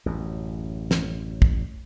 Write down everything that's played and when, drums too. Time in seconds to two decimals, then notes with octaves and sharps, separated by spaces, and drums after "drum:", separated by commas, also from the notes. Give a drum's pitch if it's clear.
0.06 A1 F#2
0.91 drum: snare
1.42 drum: kick